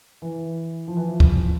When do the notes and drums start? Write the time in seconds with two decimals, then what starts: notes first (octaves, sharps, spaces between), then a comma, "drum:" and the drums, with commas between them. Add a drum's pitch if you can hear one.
0.22 E3
0.88 F3
0.97 E3
1.07 F3
1.20 drum: kick D2